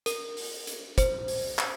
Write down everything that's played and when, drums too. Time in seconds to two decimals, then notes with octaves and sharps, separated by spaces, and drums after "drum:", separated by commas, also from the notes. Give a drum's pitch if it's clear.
0.06 A#4, drum: hi-hat
0.37 drum: open hi-hat
0.67 drum: hi-hat
0.98 C5, drum: kick, hi-hat
1.28 drum: open hi-hat
1.58 drum: clap